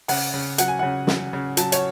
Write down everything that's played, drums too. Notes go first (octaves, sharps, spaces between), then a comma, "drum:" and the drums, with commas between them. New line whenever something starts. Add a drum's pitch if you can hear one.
C#3 F#5, drum: open hi-hat
C#3
F#3 F#5, drum: hi-hat
G#5
C#3 F#5
F#3, drum: snare
C#3
F#3 A5, drum: hi-hat
C#5, drum: hi-hat